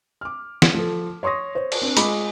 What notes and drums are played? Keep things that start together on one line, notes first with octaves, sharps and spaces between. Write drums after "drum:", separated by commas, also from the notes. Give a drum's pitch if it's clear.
D6 F6
drum: snare
F3 A4
C#5 C6 C#6 D#6 A#6
C5 C#5
drum: cymbal
C4 D4
G#3 F4 D#5 B5 D6, drum: hi-hat